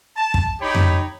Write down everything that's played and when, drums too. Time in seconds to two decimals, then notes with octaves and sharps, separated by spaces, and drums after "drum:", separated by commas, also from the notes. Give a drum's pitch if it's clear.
0.16 A5
0.34 drum: kick
0.61 D#4 G4 C#5 G5 B5
0.75 drum: tom F2